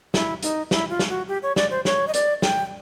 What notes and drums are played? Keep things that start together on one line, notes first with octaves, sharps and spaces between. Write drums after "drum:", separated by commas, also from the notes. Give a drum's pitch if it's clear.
E4, drum: snare
D#4, drum: hi-hat
E4, drum: snare
F4
drum: snare
F#4
G4
C#5
D5, drum: snare
C5
C#5, drum: snare
D#5
D5, drum: hi-hat
G5, drum: snare